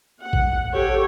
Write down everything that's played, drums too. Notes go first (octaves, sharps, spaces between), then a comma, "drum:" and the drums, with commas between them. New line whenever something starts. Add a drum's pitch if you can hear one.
F#5
drum: kick A1
G4 A4 C#5